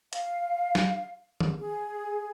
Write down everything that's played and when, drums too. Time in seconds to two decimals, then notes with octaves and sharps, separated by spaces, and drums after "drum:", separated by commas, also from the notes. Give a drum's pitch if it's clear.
0.13 F5, drum: hi-hat
0.75 drum: snare
1.40 drum: tom D#3
1.59 G#4